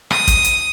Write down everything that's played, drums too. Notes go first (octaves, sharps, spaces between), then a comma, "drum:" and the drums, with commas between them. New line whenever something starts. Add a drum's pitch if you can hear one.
D#6, drum: rim click
drum: kick, hi-hat
drum: hi-hat